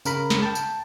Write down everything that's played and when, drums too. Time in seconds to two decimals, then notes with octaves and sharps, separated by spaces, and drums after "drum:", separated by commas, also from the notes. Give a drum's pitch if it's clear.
0.05 C#3 A#4 B5, drum: tambourine
0.30 drum: snare
0.43 G5 A5
0.55 drum: tambourine